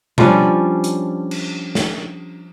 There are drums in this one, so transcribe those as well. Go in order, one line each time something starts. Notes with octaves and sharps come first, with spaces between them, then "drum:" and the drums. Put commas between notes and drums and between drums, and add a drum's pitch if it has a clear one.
F3 G3 C#4 D4, drum: tom B2
drum: hi-hat
drum: cymbal
drum: snare